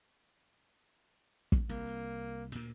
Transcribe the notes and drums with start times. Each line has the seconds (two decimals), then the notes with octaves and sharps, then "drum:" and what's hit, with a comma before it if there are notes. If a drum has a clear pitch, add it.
1.52 drum: kick
1.69 C2 A#3
2.55 D2 A#2 A#3